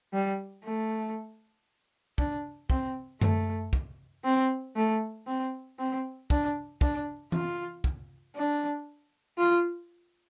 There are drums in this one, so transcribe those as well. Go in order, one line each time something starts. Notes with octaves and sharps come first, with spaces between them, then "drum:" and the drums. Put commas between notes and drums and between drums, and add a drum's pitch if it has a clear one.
G3
A3
D4, drum: kick
C4, drum: kick
A3, drum: tom F#2
drum: kick
C4
A3
C4
C4
D4, drum: kick
D4, drum: kick
F4, drum: tom E3
drum: kick
D4
F4